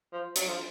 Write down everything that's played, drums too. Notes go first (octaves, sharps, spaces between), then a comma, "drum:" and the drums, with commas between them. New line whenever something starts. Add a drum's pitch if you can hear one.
F3
F#3, drum: hi-hat
F3